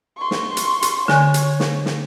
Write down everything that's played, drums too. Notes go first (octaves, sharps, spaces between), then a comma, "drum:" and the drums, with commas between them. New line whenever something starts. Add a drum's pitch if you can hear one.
C6 C#6
drum: snare
drum: hi-hat
drum: hi-hat
D3 C#5 G#5 F#6, drum: snare
drum: hi-hat
drum: snare
drum: snare